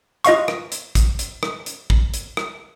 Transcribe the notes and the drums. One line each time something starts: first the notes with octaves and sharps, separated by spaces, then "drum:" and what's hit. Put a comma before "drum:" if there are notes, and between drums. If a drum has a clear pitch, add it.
F4 D#5 F5 C#6, drum: hi-hat
drum: rim click
drum: hi-hat
drum: kick, hi-hat
drum: hi-hat
drum: rim click
drum: hi-hat
drum: kick
drum: hi-hat
drum: rim click